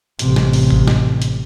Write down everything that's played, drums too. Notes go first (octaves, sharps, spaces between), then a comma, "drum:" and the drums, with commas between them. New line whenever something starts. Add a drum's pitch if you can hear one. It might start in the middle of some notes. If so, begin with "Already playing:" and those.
A1 C3, drum: hi-hat
drum: snare
drum: open hi-hat
drum: kick G#1
drum: snare
drum: hi-hat